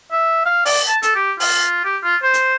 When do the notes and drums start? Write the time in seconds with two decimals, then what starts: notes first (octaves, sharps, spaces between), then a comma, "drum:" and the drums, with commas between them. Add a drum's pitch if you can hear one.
0.12 E5
0.45 F5
0.65 D5, drum: open hi-hat
0.88 A5
1.03 A4, drum: hi-hat
1.15 G4
1.40 F4, drum: open hi-hat
1.85 G4
2.04 F4
2.22 C5
2.34 drum: hi-hat